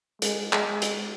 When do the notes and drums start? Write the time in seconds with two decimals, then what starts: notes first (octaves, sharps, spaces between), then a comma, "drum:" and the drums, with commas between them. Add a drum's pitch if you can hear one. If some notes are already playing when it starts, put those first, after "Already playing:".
0.22 G#3, drum: hi-hat
0.53 G#3, drum: clap
0.82 drum: hi-hat